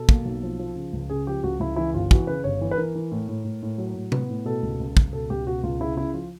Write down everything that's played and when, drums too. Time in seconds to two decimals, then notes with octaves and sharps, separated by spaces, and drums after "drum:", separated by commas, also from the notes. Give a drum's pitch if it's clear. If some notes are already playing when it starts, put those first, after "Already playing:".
Already playing: B2 A4
0.09 A#3, drum: kick
0.25 B1
0.43 F3
0.59 F3
0.76 C#3
0.93 C#2
1.10 C#3 G#4
1.27 F3 G4
1.43 C#2 F#4
1.60 C#2 E4
1.76 E3 E4
1.93 G1 F4
2.11 E3 F#4, drum: kick
2.27 C#3 B4
2.44 G1 C#5
2.61 E3
2.71 B4
2.77 E3 A#4
2.95 E3
3.12 A2
3.29 A2
3.44 A2
3.62 A2
3.78 F#3
3.95 A2
4.12 B3, drum: tom C3
4.30 A2
4.45 B2 A4
4.63 C#2
4.80 C#2
4.97 C#2, drum: kick
5.13 B2 A4
5.30 C#2 G4
5.47 B2 F#4
5.63 C#2 F4
5.80 C#3 E4
5.97 C#3 E4
6.14 F3 F4